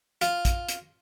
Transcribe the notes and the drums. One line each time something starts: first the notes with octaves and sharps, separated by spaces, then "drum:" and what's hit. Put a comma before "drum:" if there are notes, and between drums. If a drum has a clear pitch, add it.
F4, drum: hi-hat
drum: kick, hi-hat
drum: hi-hat